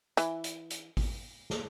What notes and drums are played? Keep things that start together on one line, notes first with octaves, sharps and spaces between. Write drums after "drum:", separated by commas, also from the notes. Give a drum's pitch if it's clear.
E3, drum: hi-hat
drum: hi-hat
drum: hi-hat
drum: kick G#1, open hi-hat
drum: snare